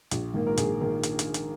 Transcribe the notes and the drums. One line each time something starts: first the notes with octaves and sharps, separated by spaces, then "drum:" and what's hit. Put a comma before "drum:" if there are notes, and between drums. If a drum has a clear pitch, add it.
A#1, drum: hi-hat
G#2 D#3 A#3
A#4
A#1 G#4, drum: hi-hat
D#3 A#4
drum: hi-hat
drum: hi-hat
drum: hi-hat